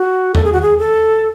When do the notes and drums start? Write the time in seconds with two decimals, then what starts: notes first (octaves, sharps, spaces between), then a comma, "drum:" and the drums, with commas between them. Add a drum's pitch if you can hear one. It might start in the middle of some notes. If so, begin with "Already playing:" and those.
Already playing: F#4
0.35 A4, drum: tom E2
0.44 G#4
0.53 F#4
0.62 G#4
0.78 A4